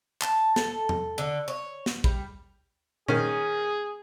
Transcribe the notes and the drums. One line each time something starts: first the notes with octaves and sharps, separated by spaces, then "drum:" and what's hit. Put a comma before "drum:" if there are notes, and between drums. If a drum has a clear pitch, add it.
A5, drum: clap
A4, drum: snare
drum: tom E2
D3
C#5
drum: snare
G3, drum: kick
D#3 A#3 C#4 G#4, drum: tom A#2